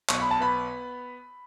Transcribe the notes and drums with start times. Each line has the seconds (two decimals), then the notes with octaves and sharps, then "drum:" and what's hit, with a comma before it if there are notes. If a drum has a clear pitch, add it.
0.09 B1 C#6, drum: clap
0.20 B5
0.31 A5
0.40 B3 B5